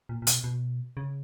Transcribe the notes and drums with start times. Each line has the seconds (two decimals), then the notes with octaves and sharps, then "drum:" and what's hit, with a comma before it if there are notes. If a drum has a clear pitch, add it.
0.09 A#2
0.22 A#2
0.27 B2, drum: hi-hat
0.44 B2
0.97 C#3